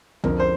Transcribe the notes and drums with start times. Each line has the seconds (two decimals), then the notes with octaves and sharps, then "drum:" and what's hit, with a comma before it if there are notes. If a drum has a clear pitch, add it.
0.24 F2 D3 F3 C4 A#4, drum: tom C2
0.40 C5